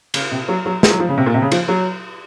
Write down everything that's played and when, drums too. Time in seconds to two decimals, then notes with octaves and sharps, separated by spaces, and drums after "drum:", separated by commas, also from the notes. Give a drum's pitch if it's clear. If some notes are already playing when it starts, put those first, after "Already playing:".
0.14 C#3, drum: cymbal
0.31 C3
0.48 F#3
0.66 F#3
0.83 G#3, drum: snare
0.91 F#3
0.99 F3
1.09 C#3
1.18 C3
1.26 A#2
1.34 C3
1.42 C#3
1.52 F3, drum: cymbal
1.68 F#3